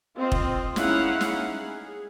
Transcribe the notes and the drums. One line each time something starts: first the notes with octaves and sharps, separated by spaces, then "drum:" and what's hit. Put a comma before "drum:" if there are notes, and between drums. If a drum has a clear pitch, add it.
C4 F4 D#5
drum: kick F1
G#3 C#4 D#4 E4 F5 F#5, drum: snare
drum: snare
G#4